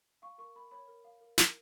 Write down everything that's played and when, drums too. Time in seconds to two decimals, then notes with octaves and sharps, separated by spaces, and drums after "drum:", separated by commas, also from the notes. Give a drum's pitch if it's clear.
0.22 F5 C#6
0.38 A#4 C#6
0.55 A#4 B5
0.71 C#5 B5
0.88 A#4
1.04 F5
1.21 A#4
1.38 A#4, drum: snare